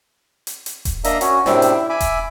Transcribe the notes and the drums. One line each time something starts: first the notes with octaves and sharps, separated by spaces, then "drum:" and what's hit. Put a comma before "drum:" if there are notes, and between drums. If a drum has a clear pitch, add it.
drum: hi-hat
drum: hi-hat
drum: kick E1, hi-hat
A#3 D4 D#5 E5 A#5, drum: hi-hat
C#4 F#4, drum: hi-hat
F#2 A2 C3 C4 D4 E4, drum: snare
drum: hi-hat
E4
E5 G#5 B5 D6
drum: kick E1, hi-hat